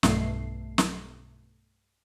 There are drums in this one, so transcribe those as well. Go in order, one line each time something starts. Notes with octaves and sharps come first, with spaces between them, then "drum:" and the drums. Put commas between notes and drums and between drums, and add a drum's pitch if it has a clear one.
B1 G2 B2 A3 E5 C7, drum: snare
drum: snare